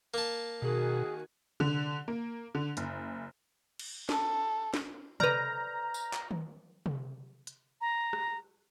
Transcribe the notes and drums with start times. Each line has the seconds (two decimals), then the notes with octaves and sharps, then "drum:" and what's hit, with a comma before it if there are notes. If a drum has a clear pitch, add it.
0.14 A#3 A5
0.62 B2 D#3 F#4 G#4 G#5
1.60 D3, drum: tom C3
2.08 A#3
2.55 D3
2.77 F#1, drum: hi-hat
3.79 drum: cymbal
4.09 A4, drum: snare
4.74 drum: snare
5.20 B4 D5 A#5 F6 G6, drum: tom C3
5.94 drum: tambourine
6.13 drum: clap
6.31 drum: tom D#3
6.86 drum: tom C3
7.47 drum: hi-hat
7.81 A#5
8.13 drum: rim click